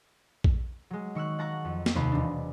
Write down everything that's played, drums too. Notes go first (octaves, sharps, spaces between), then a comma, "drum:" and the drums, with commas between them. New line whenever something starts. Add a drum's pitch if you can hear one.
drum: kick
F#3 G#3
D#3 C#6 E6 F#6
F#5 A5 A#5 C#6 F#6
F2
drum: snare
D#2 C3 C5 B5
E1 D4